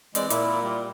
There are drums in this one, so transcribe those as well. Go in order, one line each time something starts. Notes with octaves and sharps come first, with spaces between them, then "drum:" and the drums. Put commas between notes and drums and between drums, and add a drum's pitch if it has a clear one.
E3 G#3 C4 D5, drum: hi-hat
A#2 E4, drum: hi-hat
G3